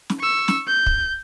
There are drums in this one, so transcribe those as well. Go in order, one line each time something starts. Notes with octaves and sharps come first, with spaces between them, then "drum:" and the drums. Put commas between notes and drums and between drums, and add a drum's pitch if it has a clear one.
drum: snare
C#6 E6
drum: snare
G6
drum: kick